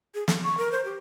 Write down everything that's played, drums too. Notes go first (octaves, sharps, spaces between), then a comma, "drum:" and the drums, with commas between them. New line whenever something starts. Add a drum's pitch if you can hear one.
G#4
A4, drum: snare
C#6
A#4
C5
G4